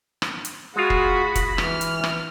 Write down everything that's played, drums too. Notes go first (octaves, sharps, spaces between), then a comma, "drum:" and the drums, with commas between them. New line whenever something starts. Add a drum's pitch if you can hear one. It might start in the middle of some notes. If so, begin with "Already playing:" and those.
drum: rim click
drum: hi-hat
G#3 F4 F#4 G#4 B5
drum: kick
drum: kick, hi-hat
E3 F6, drum: rim click
drum: hi-hat
drum: rim click